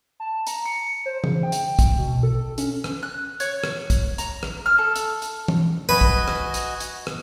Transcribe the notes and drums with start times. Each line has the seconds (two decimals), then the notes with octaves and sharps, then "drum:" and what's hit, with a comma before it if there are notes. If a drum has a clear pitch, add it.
0.20 A5
0.47 A#5, drum: hi-hat
0.66 C#7
1.06 C5
1.24 C#3, drum: tom E3
1.43 G5
1.52 drum: hi-hat
1.79 drum: kick, hi-hat
1.98 B2
2.23 A4
2.58 C#4, drum: hi-hat
2.84 drum: rim click
3.03 F#6
3.40 C#5, drum: hi-hat
3.64 drum: rim click
3.90 drum: kick, hi-hat
4.18 A#5, drum: hi-hat
4.43 drum: rim click
4.66 F6
4.78 A4
4.96 drum: hi-hat
5.22 drum: hi-hat
5.48 drum: tom E3
5.89 F#4 B4 D#5 G#5
6.01 drum: kick
6.28 drum: rim click
6.54 drum: hi-hat
6.80 drum: hi-hat
7.07 drum: rim click